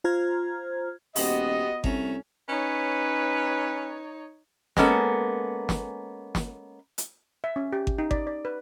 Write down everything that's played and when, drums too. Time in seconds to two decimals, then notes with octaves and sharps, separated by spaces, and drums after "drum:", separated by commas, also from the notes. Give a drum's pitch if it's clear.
0.04 F4 C5 A#5 F6 G#6
1.16 D#1 C3 B3 F#4 D#5, drum: open hi-hat
1.84 C2 A3 C#4 A#5, drum: kick G#1
2.49 C#4 D#4 B4 C#5
4.77 G#3 A#3 B3 C#4 A4, drum: snare
5.69 drum: snare
6.35 drum: snare
6.98 drum: hi-hat
7.44 E5
7.56 C#4
7.73 G4
7.87 drum: kick G#1
7.98 D#4
8.11 D5, drum: kick G#1
8.27 D5
8.45 B4